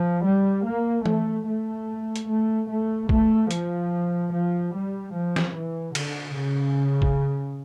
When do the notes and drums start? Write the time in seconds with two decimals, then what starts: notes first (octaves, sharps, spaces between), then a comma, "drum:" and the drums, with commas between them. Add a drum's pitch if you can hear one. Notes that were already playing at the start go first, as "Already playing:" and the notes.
Already playing: F3
0.24 G3
0.66 A#3
1.06 A3, drum: tom E3
1.47 A3
2.16 drum: hi-hat
2.29 A3
2.69 A3
3.09 A3, drum: kick
3.51 F3, drum: hi-hat
4.33 F3
4.73 G3
5.13 F3
5.36 drum: snare
5.54 E3
5.95 D3, drum: cymbal
6.35 C#3
7.02 drum: kick